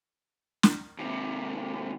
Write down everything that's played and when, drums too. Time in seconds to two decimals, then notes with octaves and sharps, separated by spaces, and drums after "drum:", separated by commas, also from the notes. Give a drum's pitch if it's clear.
0.63 drum: snare
0.98 D#2 C3